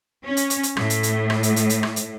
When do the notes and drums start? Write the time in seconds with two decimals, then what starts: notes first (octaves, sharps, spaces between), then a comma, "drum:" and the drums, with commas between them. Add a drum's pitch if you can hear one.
0.25 C#4
0.37 drum: hi-hat
0.50 drum: hi-hat
0.63 drum: hi-hat
0.77 A2, drum: rim click
0.90 drum: hi-hat
1.03 drum: hi-hat
1.30 drum: rim click
1.43 drum: hi-hat
1.56 drum: hi-hat
1.70 drum: hi-hat
1.83 drum: rim click
1.96 drum: hi-hat